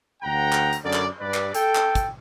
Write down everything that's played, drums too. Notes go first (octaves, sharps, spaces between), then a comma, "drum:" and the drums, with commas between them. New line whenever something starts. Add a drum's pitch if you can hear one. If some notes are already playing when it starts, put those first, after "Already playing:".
D2 F#5 G5 A#5
drum: clap
drum: hi-hat
F#2 D3 G#4 A#4 D5
drum: clap
G2 B4 D5
drum: clap
A4 G5, drum: hi-hat
drum: clap
drum: kick, hi-hat